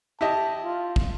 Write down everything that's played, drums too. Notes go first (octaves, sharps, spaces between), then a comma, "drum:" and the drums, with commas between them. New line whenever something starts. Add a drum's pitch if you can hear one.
E4 G4 D#5 A5
F4
drum: kick